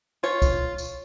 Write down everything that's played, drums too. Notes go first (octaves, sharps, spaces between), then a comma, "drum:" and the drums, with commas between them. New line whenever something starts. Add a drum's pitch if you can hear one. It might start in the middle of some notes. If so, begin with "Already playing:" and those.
F4 C#5
drum: kick, tambourine
drum: tambourine